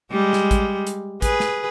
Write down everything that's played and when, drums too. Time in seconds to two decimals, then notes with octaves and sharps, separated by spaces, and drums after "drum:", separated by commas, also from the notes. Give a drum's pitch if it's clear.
0.12 G3 G#3
0.33 drum: snare
0.51 drum: kick A1, hi-hat
0.87 drum: hi-hat
1.22 G#4 B4, drum: kick A1, hi-hat
1.40 drum: snare